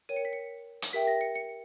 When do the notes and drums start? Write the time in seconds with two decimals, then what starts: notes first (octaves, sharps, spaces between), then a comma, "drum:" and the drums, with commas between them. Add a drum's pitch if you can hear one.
0.09 A#4 C#5 G5 D#7
0.16 C#7
0.25 B6
0.33 C#7
0.82 drum: hi-hat
0.93 G4 A#4 E5 G5 B6
1.07 A#6
1.21 C#7
1.35 C#7